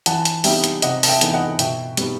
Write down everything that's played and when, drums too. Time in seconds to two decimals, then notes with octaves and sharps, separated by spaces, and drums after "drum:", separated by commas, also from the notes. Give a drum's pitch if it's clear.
0.06 E3 F#5 A5, drum: hi-hat
0.25 drum: hi-hat
0.44 G3 B3 D#4 E5 G5, drum: open hi-hat
0.64 drum: hi-hat
0.82 C3 D#5 F#5, drum: hi-hat
1.03 A5, drum: open hi-hat
1.08 E5 G5
1.21 E3 B3 D#4, drum: hi-hat
1.29 G5
1.34 D#5 F#5
1.59 B2 E5 G5, drum: hi-hat
1.97 G3 B3 D#4, drum: hi-hat